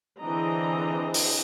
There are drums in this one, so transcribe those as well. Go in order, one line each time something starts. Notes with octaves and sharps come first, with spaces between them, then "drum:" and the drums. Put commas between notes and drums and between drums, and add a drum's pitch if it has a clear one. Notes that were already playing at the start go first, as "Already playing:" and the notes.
D3 E3 C4 G#4 D#5 A#5
drum: open hi-hat